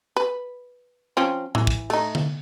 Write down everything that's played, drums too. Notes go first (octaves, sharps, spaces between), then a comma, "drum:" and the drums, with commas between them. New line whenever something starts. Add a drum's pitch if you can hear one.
B4
F3 C4 C#4
E3, drum: tom A2
drum: kick
A3 D#4, drum: cymbal
drum: tom D3